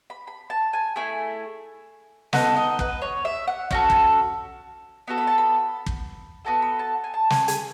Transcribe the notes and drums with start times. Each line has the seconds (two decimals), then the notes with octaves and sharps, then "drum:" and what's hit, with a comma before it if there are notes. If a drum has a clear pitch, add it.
0.10 B5
0.27 B5
0.50 A5
0.73 G#5
0.96 A3 E4 G#4 G#5
2.33 B3 D#4 A4 F#5, drum: snare
2.56 D#5
2.79 B4, drum: kick
3.02 C#5
3.25 E5
3.47 F#5
3.71 C#4 F#4 A4, drum: kick
3.90 drum: kick
5.08 B3 F#4 A4
5.18 B5
5.27 A5
5.38 B5
5.86 drum: kick
6.45 B3 F#4 A4 A5
6.62 B5
6.79 A5
7.04 G#5
7.14 A5
7.30 G#5, drum: snare
7.48 G#5, drum: hi-hat